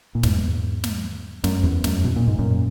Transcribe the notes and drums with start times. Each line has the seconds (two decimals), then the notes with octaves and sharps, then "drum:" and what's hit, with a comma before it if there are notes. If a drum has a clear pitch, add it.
0.15 A#2
0.23 E2 G#2, drum: snare
0.84 drum: snare
1.44 F#2, drum: snare
1.63 E2
1.84 F#2, drum: snare
2.04 B2
2.16 A#2
2.28 G#2
2.39 F#2 A#2